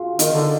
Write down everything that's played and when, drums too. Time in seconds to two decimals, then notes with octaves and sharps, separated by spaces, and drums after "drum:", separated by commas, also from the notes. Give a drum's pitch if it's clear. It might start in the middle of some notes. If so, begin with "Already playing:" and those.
Already playing: F4 F#4 G#4
0.19 D#3 D#4, drum: hi-hat
0.32 D3